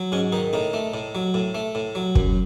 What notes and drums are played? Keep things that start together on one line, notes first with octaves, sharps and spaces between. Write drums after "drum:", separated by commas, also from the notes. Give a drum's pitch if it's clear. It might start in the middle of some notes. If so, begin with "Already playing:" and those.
Already playing: F#3
G#2 C#4
D#3 D#4
A2 D#4
A3
A2
F#3
A2
A3
A2
F#3
F#2, drum: kick